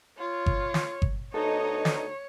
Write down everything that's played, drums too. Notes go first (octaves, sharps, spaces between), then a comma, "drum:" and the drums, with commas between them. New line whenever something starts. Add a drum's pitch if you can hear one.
F4 C#5
drum: kick G1
drum: snare
drum: kick G1
D2 B3 D#4 A4 C#5 D#5
drum: snare